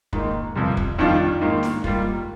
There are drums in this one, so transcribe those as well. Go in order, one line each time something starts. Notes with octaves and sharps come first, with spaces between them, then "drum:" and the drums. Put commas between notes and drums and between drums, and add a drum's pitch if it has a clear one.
G#2 D#3 A#3 D#4, drum: kick
G1 F2 C3 G3
drum: kick
F2 D#3 G3 D4 F4
G#2 D#3 A#3
drum: snare
G#2 G3 A#3 F4, drum: kick